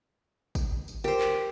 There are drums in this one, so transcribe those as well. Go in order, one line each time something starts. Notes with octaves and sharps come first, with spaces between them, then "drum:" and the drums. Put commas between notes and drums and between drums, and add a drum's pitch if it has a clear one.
drum: kick, tambourine
drum: tambourine
G4 A#4 C5
drum: clap